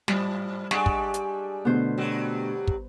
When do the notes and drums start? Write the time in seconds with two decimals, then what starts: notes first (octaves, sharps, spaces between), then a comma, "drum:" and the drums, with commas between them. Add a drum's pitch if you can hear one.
0.08 G#2 F3 G3, drum: snare
0.71 G3 G#3 D4 F#5 G#5 C#6, drum: snare
0.86 drum: kick
1.14 drum: hi-hat
1.65 B2 D3 A3 B3 C5
1.98 G2 F#3 G3
2.68 drum: kick